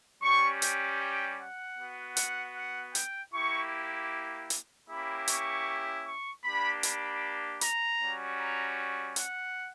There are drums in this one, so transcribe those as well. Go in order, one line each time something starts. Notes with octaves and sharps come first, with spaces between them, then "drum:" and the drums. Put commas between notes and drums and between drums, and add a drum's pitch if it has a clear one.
G3 C#4 G4 C#6
G5, drum: hi-hat
G5
F#5
B3 F#4
F#5, drum: hi-hat
F#5
G5, drum: hi-hat
A#3 E4 G4 C#6
drum: hi-hat
A#3 C#4 E4 G4 B5
C#6, drum: hi-hat
C#6
A#3 D4 G4 B5
B5, drum: hi-hat
A#5, drum: hi-hat
G3 C#4 F#4
A#5
F#5, drum: hi-hat